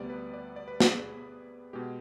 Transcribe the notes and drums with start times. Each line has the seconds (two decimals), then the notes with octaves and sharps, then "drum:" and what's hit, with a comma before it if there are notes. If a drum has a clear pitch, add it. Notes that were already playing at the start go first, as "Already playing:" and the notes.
Already playing: D2 C3 G3 B3 D5
0.10 B4
0.34 D5
0.56 D5
0.68 B4
0.80 G#4, drum: snare
1.73 B2 G#3 G4